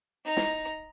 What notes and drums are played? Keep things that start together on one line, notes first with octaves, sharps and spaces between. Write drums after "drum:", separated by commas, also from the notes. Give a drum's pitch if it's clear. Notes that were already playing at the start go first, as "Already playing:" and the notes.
D#4 A#5
drum: snare